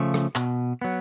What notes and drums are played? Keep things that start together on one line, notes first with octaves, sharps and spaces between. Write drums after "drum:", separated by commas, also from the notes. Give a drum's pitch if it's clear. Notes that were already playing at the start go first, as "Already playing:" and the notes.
Already playing: C#3 F3 A3
drum: rim click
B2, drum: clap
F#3 B3